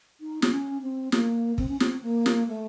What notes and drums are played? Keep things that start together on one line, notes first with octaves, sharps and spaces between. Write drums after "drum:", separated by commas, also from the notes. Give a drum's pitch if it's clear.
D#4
C4, drum: snare
C#4
C4
A#3, drum: snare
C4, drum: kick
C#4
C4, drum: snare
A#3
drum: snare
A3